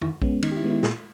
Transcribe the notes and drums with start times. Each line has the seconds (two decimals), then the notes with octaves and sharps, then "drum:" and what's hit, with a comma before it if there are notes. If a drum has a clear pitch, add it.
0.01 D#3 E4, drum: tom F2
0.22 G#3 B3 C#4, drum: kick A#1
0.42 D#3 D#4, drum: cymbal
0.52 G4
0.57 E4
0.64 G#3 B3
0.70 E4
0.83 A#2 G#4, drum: snare